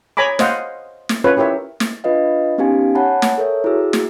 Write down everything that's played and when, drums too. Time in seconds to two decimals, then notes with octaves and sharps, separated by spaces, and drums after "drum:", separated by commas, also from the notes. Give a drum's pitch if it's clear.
0.17 C#5 G#5 A#5 B5 D6
0.39 C5 D#5 F5 F#5, drum: snare
1.09 drum: snare
1.24 C#4 F4 B4 C#5
1.37 E4 G4 A#4 C#5 E5
1.80 drum: snare
2.04 D4 F4 B4 D#5 F5
2.58 B3 C#4 D#4 G4 F5 G#5
2.95 C#5 F#5 G#5 A5 B5
3.22 drum: snare
3.38 A4 A#4 C#5 E5
3.64 E4 F#4 G#4 E6
3.93 drum: snare